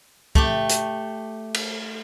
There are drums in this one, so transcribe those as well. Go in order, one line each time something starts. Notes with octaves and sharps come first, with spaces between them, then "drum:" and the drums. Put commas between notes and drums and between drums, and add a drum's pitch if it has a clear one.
A3 G4, drum: kick
drum: hi-hat
drum: cymbal